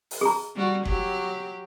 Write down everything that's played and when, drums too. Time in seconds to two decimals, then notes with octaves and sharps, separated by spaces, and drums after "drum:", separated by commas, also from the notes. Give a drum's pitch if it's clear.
0.11 drum: open hi-hat
0.21 G#4 A#5
0.56 G3 F#4
0.85 F#3 G4, drum: kick F#1